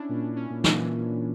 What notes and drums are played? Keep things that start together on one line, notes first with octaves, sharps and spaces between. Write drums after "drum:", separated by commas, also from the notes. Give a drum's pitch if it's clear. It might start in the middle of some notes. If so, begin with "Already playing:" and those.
Already playing: C#4 D4 E4
A#2
C#4
A#2
E3, drum: snare